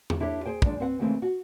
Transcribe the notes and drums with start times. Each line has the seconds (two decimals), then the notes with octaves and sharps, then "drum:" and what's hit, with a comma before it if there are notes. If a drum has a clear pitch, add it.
0.10 drum: tom E2
0.20 D4 E4 G4 A4 C#5
0.46 G#4 C5 G5
0.62 E2 F3 G#3 D4, drum: kick
0.80 C4 B4 F#5
0.99 D#2 C#3 E3 G#3 A3 C4
1.22 F#4